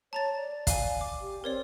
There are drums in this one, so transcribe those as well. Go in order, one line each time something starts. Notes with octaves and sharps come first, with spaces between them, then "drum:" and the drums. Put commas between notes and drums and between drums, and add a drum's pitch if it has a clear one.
C#5 A5 A#5 A6
D5
F5 G#5, drum: kick, hi-hat
D6
G4
C4 A#4 C#5 D5